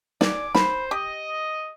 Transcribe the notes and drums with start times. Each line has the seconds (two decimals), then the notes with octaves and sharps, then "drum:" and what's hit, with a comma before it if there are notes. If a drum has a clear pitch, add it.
0.21 D5 G#5 D6, drum: snare
0.55 C5 B5, drum: snare
0.91 G4 D#5